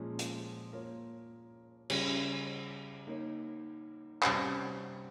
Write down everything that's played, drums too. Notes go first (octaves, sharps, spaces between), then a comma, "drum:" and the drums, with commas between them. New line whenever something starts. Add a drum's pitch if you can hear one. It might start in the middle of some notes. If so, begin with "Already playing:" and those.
Already playing: A#2 F3 G#3 C#4
drum: hi-hat
A#3 F4 A#4 C#5
C#3 G3 C#4, drum: cymbal
A#3 D#4 A#4 C#5
C3 G3 C#4 G4 C5, drum: clap